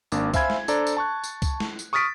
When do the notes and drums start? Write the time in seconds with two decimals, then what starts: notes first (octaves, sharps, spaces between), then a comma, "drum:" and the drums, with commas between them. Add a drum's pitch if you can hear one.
0.12 G#1 A#3 D4, drum: tambourine
0.34 C5 E5 F5 G#5 B5 G#6, drum: kick C2, tambourine
0.50 drum: snare
0.68 D4 A4 C5 D5 A#5, drum: tambourine
0.87 drum: tambourine
0.97 A5 C#6 F#6
1.24 drum: tambourine
1.42 drum: kick C2, tambourine
1.60 drum: snare
1.79 drum: tambourine
1.93 C#6 D#6 F6 A6 B6 D7